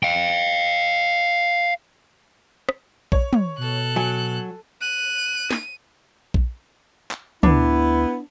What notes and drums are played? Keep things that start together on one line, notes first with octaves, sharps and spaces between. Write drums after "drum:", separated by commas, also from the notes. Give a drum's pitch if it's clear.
F5 G5
drum: rim click
C#5, drum: kick A#1
drum: tom
B2 A4 F#6
F#3 G#5
F#6 D#7
drum: snare
drum: kick A#1
drum: clap
D2 B3 D4 E4, drum: tom